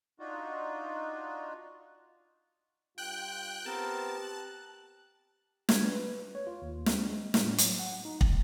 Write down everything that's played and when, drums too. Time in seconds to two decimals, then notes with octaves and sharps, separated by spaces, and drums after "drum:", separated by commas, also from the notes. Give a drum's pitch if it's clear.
0.20 D4 D#4 F4 F#4
2.98 G2 F4 G5 F#6
3.66 B3 C4 G4 A#4 A5
4.22 F#6
5.69 G#6, drum: snare
5.85 B4
6.35 C#5
6.47 F4
6.62 D#2
6.86 C4, drum: snare
7.08 G#3
7.34 A2, drum: snare
7.58 F#3, drum: hi-hat
7.79 F#5
8.05 D#4
8.21 A#1, drum: kick